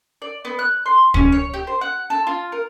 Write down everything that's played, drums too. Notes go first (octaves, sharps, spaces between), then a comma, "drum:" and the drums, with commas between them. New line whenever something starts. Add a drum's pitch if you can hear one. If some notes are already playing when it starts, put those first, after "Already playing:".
D5
B3
F#6
C6
C#4, drum: kick
C#5
G4
C5
F#5
A4
F4
A#4